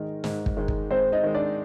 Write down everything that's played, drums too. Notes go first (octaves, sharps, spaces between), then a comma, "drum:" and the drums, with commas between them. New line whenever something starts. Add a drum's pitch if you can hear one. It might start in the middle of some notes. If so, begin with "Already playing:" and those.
Already playing: G#2 D#3 G#3 A#4
G#2, drum: snare
drum: kick
D#3 G#3
drum: kick
G#2 C4 C5
D#4 D#5
D#3 G#3
D4 D5